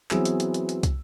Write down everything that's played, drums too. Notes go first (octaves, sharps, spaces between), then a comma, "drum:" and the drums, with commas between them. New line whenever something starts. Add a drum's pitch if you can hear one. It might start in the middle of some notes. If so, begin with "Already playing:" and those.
E3 F#3 B3 C4 G#4 E6, drum: clap
drum: hi-hat
drum: hi-hat
drum: hi-hat
drum: hi-hat
drum: kick, hi-hat